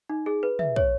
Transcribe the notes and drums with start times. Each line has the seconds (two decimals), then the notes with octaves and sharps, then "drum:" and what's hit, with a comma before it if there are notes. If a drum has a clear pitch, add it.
0.09 D#4
0.26 G#4
0.43 B4
0.59 E5, drum: tom
0.76 C#5, drum: kick